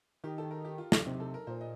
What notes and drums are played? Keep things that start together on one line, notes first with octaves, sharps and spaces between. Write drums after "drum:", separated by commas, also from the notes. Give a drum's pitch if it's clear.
D#3 G4
A4
A#4
G4
F4
D4, drum: snare
C3 D#4
A4
A#4
A#2 C5
D#5